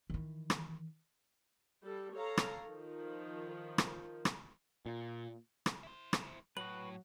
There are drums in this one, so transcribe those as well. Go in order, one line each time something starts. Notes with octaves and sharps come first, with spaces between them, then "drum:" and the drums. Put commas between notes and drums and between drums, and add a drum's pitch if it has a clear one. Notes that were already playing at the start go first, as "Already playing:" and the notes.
D#3 E3
drum: rim click
G3 A4
A4 C#5 F5 A#5
drum: rim click
D#3 F3
drum: rim click
drum: rim click
A#2
drum: rim click
E4 C5
drum: rim click
A2 F#3 F#4 B4 F#7